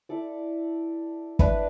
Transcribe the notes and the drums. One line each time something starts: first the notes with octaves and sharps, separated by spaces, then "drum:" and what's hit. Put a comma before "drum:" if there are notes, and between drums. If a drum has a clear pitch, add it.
E4 A4 D5
D4 B4 E5, drum: kick